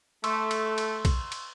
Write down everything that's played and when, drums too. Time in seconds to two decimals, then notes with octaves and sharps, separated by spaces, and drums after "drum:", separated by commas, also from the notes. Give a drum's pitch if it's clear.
0.24 A3 C6 C#6 E6, drum: cymbal
0.51 drum: cymbal
0.78 drum: cymbal
1.05 drum: kick B1, cymbal
1.32 drum: cymbal